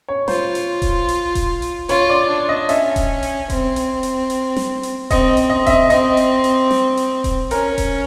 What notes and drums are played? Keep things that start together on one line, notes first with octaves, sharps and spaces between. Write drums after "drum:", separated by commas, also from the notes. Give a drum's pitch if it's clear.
C#5
F4 C5, drum: snare
drum: hi-hat
drum: kick D#1, hi-hat
drum: hi-hat
drum: kick D#1, hi-hat
drum: hi-hat
F4 C#5, drum: hi-hat
D5
D4
D#5
C#4 E5, drum: hi-hat
drum: kick D#1, hi-hat
drum: hi-hat
C4, drum: kick D#1, hi-hat
drum: hi-hat
drum: hi-hat
drum: hi-hat
drum: snare
drum: hi-hat
C4 D#5, drum: kick D#1, hi-hat
drum: hi-hat
D#5
E5, drum: kick D#1, hi-hat
D#5
C4 D#5, drum: hi-hat
drum: hi-hat
drum: hi-hat
drum: snare
drum: hi-hat
drum: kick D#1, hi-hat
C#4 A#4, drum: hi-hat
drum: kick D#1, hi-hat